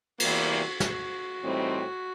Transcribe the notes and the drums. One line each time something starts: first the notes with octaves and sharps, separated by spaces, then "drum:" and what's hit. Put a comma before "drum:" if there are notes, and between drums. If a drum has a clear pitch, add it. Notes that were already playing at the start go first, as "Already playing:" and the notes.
E2 C3 E3 G3 A#3 F#4, drum: cymbal
F#4, drum: snare
A2 E3 G3 C4 D#4